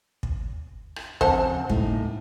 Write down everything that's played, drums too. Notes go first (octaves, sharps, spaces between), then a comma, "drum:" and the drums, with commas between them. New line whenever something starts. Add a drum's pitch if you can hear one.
drum: kick
drum: rim click
F2 C#3 C5 F#5 A5, drum: kick
A2 A#3 D#4, drum: kick